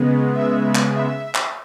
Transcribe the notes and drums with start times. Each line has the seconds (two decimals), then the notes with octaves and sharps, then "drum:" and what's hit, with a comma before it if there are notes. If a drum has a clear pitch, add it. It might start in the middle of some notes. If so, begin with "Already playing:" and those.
Already playing: C#3 G#3 B3
0.35 E5
0.75 drum: clap
0.95 E5
1.35 drum: clap